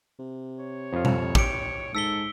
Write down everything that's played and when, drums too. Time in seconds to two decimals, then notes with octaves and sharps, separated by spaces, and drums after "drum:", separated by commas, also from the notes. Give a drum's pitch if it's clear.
0.19 C3
0.60 C#5
0.93 F2 F4
1.05 drum: tom B2
1.35 G4 C#7 D7, drum: kick
1.95 G#2 A4 E6 B6 G7